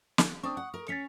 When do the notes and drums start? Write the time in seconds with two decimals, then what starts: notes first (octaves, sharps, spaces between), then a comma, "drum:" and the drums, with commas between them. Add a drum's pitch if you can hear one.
0.18 drum: snare
0.43 C4 D4 D5 C#6 D#6
0.57 F#5
0.74 A#4
0.88 C#4 C#5 A6 B6 C#7